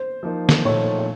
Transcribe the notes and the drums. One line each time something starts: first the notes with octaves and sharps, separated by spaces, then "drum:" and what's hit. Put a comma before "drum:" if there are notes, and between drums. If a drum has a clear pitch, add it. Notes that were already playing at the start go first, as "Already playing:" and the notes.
Already playing: C5
F3 A#3 D#4
drum: snare
A#2 F3 A3 D#4 C#5
C#5